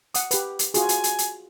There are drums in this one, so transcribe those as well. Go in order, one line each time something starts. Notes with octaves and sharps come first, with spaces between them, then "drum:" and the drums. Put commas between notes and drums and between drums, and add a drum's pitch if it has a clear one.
F#5 D#6, drum: hi-hat
G4 B4, drum: hi-hat
drum: hi-hat
F4 F#4 G#4 G#5, drum: hi-hat
drum: hi-hat
drum: hi-hat
drum: hi-hat